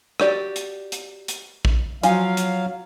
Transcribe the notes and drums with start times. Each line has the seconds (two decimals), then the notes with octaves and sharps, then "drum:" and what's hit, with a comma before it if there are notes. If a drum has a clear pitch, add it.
0.20 F#4 G4 D5, drum: rim click
0.56 drum: hi-hat
0.92 drum: hi-hat
1.28 drum: hi-hat
1.65 drum: kick A#1
2.03 F3 F#3 F5 G#5, drum: hi-hat
2.37 drum: hi-hat